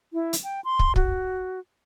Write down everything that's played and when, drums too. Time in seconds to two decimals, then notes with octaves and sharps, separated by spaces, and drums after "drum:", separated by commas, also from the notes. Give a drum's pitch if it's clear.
0.13 E4
0.33 drum: hi-hat
0.43 G5
0.65 C6
0.79 drum: kick
0.96 F#4, drum: kick